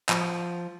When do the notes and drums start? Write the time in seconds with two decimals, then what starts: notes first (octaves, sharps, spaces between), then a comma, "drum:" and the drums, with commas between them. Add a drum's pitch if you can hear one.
0.09 F3, drum: clap